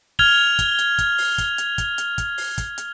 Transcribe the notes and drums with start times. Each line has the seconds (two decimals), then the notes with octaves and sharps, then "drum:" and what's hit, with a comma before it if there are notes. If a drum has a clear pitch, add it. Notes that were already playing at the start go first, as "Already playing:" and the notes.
0.19 F6 G#6 F7 G7, drum: kick
0.59 drum: kick, hi-hat
0.79 drum: hi-hat
0.98 drum: kick, hi-hat
1.18 drum: open hi-hat
1.38 drum: kick, hi-hat
1.58 drum: hi-hat
1.78 drum: kick, hi-hat
1.98 drum: hi-hat
2.18 drum: kick, hi-hat
2.38 drum: open hi-hat
2.58 drum: kick, hi-hat
2.78 drum: hi-hat